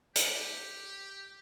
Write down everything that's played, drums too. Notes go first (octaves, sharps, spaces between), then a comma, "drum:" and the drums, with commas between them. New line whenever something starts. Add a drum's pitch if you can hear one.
G4, drum: hi-hat